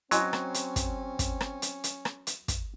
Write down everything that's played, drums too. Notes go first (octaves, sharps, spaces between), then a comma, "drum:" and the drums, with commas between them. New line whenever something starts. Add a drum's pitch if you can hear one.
F#3 C4 C#4 D#5 G#5 C6, drum: hi-hat
drum: rim click
drum: hi-hat
drum: kick, hi-hat
drum: kick, hi-hat
drum: rim click
drum: hi-hat
drum: hi-hat
drum: rim click
drum: hi-hat
drum: kick, hi-hat